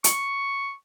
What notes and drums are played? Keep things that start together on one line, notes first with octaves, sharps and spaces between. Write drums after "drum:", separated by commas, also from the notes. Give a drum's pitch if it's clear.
C#6, drum: hi-hat